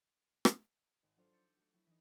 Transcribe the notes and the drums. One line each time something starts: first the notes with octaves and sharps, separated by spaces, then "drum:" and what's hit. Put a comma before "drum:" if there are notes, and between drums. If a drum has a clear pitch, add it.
drum: rim click
G#1
F#3 D4 F4 A4 C5 F5
D6 E6 G6 A6 C#7 D7
A3 F#4
F#3 E4
E3 D#4